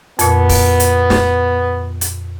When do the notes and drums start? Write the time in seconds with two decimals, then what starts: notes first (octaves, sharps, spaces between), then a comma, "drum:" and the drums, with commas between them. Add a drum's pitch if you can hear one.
0.19 F2 A#2 B3, drum: hi-hat
0.49 drum: kick, open hi-hat
0.80 drum: hi-hat
1.10 drum: snare
2.01 drum: hi-hat